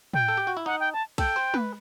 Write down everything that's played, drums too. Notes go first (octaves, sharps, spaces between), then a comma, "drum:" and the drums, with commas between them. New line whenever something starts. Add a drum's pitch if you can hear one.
G5, drum: tom
A4
G4
F#4
E4
D#4 F#5
G5
A5
A4 G5, drum: kick B1, cymbal
C5
B4, drum: tom